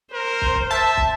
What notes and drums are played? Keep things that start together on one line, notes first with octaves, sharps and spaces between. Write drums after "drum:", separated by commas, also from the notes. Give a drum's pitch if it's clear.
A#4 C5
drum: kick
drum: kick
E5 A5
drum: kick